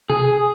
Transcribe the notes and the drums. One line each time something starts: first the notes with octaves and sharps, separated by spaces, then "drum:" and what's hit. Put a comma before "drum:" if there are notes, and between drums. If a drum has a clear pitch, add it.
G#4, drum: tom B2